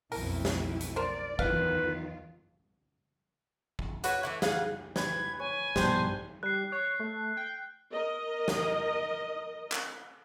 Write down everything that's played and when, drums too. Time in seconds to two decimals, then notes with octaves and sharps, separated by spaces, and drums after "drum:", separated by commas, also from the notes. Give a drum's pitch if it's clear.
0.12 B1 F2 A3 E4 A#4, drum: open hi-hat
0.45 drum: snare
0.80 drum: hi-hat
0.96 A#4 C5 D5
1.39 E2 D#3 F#3 F4 B4 F5, drum: kick
3.79 drum: kick
4.04 F#4 B4 C#5, drum: hi-hat
4.23 E3 A3 E4
4.42 G#4 F5 F#5, drum: snare
4.96 B4 G#6, drum: snare
5.40 C#5 G#5
5.76 A#1 G2 B2 D4 G4 C5, drum: snare
6.43 G3 F#6 C7
6.72 C#5
6.99 A3
7.37 G5
7.92 A#4 D#5
8.48 drum: snare
9.72 drum: clap